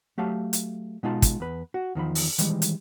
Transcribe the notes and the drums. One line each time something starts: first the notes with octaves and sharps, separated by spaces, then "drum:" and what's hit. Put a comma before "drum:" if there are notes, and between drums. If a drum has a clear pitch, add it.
F#3 A3 G4 F5 A5
drum: hi-hat
B2 G#3 D#4 F4 A5
drum: kick, hi-hat
E2 B4
F#4
E2 D#3 F3 B5
drum: open hi-hat
D#3 E3 G3 G#3, drum: hi-hat
drum: hi-hat